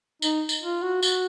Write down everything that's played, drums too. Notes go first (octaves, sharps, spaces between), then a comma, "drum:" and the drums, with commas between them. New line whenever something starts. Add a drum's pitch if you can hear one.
D#4, drum: tambourine
drum: tambourine
F4
F#4
F#4, drum: tambourine